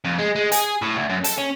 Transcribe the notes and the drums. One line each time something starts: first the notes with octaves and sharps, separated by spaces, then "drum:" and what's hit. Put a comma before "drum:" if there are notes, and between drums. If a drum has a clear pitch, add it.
F2
G#3
G#3
G#4, drum: hi-hat
A2
D2
F#2
A4, drum: hi-hat
C#4